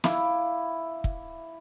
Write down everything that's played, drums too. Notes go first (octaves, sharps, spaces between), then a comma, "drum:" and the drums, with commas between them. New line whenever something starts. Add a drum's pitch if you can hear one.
E4 F5 D6, drum: snare
drum: kick